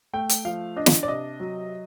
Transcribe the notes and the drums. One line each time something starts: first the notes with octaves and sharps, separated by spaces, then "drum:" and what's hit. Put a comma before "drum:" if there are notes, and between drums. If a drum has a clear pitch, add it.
A3 G5
drum: hi-hat
F3 F5
D4 D#5
drum: snare
D5
C3 D#5
F#3